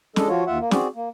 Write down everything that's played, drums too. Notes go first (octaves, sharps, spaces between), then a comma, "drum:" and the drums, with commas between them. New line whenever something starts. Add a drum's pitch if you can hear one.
G#3 D4 A4 D#5, drum: snare
F3 F4 F#4 C#5
D#2 F4 E5 F#5
A#3
C4 F#4 G#4 D5, drum: snare
A#3